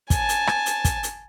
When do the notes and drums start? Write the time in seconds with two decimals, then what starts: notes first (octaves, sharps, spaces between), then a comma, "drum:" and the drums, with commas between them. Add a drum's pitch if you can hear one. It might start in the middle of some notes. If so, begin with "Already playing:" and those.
0.10 G#5 A5, drum: kick, hi-hat
0.29 drum: hi-hat
0.47 drum: rim click
0.66 drum: hi-hat
0.85 drum: kick, hi-hat
1.03 drum: hi-hat